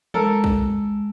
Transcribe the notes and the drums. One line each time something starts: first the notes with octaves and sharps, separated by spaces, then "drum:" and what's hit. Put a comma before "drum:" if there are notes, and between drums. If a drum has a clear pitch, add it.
G#3 A4 A#4, drum: tom
drum: kick